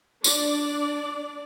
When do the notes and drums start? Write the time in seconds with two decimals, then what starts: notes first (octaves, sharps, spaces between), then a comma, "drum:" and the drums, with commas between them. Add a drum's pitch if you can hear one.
0.24 D4 D5, drum: tambourine